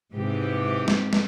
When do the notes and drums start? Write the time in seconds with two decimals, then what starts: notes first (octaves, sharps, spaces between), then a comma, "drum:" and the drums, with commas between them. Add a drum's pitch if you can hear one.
0.13 G#2 C3 E3 G4
0.88 drum: snare
1.13 drum: snare